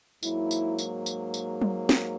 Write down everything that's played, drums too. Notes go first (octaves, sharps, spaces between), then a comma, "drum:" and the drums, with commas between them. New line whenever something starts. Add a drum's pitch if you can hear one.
G#2 F#3 A#3 E4, drum: tambourine
drum: tambourine
drum: tambourine
drum: tambourine
drum: tambourine
drum: tom F#3
drum: snare